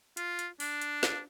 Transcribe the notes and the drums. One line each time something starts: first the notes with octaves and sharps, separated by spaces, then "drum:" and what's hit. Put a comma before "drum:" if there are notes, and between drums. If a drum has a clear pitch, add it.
F4, drum: hi-hat
drum: hi-hat
D4, drum: open hi-hat
drum: hi-hat
drum: snare